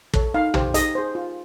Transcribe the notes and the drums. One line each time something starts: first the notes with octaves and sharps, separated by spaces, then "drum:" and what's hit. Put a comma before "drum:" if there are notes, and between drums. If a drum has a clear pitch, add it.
A4 C#5, drum: kick
D#4 F5
G4 C5, drum: tom
D#4 D#5, drum: hi-hat
G#4 C5
F4